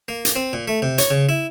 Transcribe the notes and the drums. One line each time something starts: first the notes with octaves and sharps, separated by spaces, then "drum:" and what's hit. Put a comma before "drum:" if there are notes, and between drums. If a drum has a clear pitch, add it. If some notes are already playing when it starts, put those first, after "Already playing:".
A#3
drum: hi-hat
C4
A#2
A3
C3
C#5, drum: hi-hat
C#3
E4